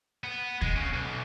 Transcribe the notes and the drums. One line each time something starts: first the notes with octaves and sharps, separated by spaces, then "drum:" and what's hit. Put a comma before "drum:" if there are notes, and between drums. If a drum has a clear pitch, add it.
B3
G#3, drum: kick D2
C#3
B1